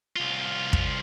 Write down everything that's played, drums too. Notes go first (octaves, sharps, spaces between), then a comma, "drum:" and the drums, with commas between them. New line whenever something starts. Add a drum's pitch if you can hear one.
C2 F4
drum: kick